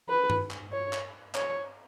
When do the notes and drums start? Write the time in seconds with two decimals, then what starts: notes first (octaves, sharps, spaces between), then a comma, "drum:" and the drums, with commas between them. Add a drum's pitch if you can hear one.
0.09 B4
0.30 drum: tom G2
0.51 drum: clap
0.72 C#5
0.93 drum: clap
1.35 C#5, drum: clap